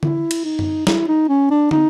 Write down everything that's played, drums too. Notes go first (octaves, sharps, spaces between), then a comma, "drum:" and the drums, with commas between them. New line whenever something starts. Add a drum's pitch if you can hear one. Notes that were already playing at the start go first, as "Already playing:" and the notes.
E4, drum: tom D3
drum: cymbal
D#4
drum: tom F#2
E4, drum: snare
D#4
C#4
D4
D#4, drum: tom